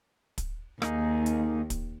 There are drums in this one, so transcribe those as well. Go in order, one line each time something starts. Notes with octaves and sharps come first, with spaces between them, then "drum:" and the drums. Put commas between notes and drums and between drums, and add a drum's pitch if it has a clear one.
drum: kick, hi-hat
D#2 A#3 D#4 G#4, drum: rim click
drum: hi-hat
drum: kick, hi-hat